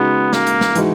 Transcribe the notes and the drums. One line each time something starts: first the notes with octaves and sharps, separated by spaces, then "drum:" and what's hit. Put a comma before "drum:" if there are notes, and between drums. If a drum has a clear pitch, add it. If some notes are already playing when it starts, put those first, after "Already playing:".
Already playing: C#3 G#3 B3 D#4 F#4
A#3, drum: snare
drum: hi-hat
drum: snare
E3 G#3 D#4 F#4, drum: hi-hat